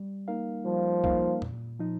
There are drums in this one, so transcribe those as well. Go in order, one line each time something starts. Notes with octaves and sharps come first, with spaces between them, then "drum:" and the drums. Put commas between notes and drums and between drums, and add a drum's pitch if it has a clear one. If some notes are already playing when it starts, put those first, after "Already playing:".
Already playing: G3
A#3 D#4 A#4 F5
F3 G3
A#3 D#4 A#4 F5, drum: kick B1
A#2, drum: tom E2
F3 D#4